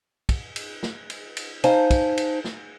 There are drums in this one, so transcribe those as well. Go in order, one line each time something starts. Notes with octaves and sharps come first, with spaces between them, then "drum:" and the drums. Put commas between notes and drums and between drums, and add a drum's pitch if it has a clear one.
drum: kick, cymbal
drum: cymbal
drum: snare
drum: cymbal
drum: cymbal
D#4 C5 F5 G#5 A5, drum: cymbal
drum: kick, cymbal
drum: cymbal
drum: snare